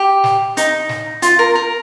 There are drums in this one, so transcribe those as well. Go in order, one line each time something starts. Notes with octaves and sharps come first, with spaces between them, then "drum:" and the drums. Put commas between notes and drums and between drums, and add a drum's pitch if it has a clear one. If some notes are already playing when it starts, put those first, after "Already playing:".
Already playing: G4
drum: snare
D#4, drum: hi-hat
drum: snare
F4, drum: hi-hat
A#4
A#4